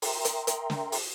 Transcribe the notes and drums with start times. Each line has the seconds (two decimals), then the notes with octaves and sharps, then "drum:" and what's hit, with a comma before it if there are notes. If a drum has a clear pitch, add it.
0.02 A#4 E5 G5 A#5 C6, drum: open hi-hat
0.25 drum: hi-hat
0.47 drum: hi-hat
0.70 drum: snare
0.92 drum: open hi-hat